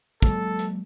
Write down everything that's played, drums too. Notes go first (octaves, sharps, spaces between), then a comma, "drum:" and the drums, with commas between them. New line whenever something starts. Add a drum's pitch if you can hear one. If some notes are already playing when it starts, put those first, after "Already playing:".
F#3 G#3 A#3 A4, drum: kick, hi-hat
drum: hi-hat